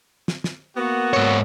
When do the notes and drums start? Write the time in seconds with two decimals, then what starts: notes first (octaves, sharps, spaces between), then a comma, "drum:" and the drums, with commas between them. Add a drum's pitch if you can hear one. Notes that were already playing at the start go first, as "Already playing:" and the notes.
0.28 drum: snare
0.44 drum: snare
0.76 A#3 B3 F#4
1.13 G#2 C#5